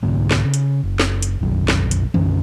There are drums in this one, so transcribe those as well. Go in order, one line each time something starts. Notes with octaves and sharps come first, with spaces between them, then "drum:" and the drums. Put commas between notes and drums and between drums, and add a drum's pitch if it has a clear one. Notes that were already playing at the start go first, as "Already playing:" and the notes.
C2 G#2 D3 A#3
drum: snare
C#3
drum: hi-hat
F#1
drum: snare
drum: hi-hat
F1 B1 F#2
drum: snare
drum: hi-hat
B1 F#2 D3 C#4, drum: tom D#3